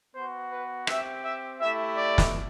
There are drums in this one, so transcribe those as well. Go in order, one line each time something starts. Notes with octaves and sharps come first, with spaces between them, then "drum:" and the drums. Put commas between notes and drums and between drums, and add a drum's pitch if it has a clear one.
B3 F#4 C5
B4
C4 G4 E5, drum: rim click
E5
A3 E4 G4 E5
D5
drum: snare